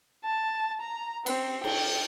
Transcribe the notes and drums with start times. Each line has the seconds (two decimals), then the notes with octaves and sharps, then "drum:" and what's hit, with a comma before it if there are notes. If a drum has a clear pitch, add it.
0.25 A5
0.81 A#5
1.26 C4, drum: cymbal
1.64 G5, drum: cymbal